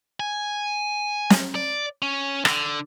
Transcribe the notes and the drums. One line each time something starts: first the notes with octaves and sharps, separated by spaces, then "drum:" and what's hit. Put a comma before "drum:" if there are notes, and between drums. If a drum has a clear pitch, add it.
G#5
drum: snare
D5
C#4
D3, drum: rim click